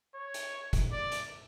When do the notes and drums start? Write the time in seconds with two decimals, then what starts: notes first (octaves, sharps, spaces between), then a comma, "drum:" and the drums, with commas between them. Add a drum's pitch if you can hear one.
0.15 C#5
0.34 drum: hi-hat
0.73 drum: kick, hi-hat
0.92 D5
1.12 drum: hi-hat